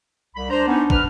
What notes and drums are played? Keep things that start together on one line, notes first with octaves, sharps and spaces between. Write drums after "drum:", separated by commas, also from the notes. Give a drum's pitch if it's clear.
C2 B5
D4 C5 A#5
B3 C#4 D#4
B4 F6, drum: kick